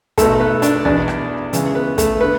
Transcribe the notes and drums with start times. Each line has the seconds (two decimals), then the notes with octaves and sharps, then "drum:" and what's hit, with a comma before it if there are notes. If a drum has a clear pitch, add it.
0.18 B1 B2 A3 A4, drum: kick, hi-hat
0.40 B3 B4
0.62 D4 D5, drum: hi-hat
0.85 E2 B2 D4 D5, drum: kick
1.08 drum: rim click
1.53 C#2 C#3 E3, drum: hi-hat
1.75 B3 B4
1.98 A3 A4, drum: kick, hi-hat
2.20 D3 B3 B4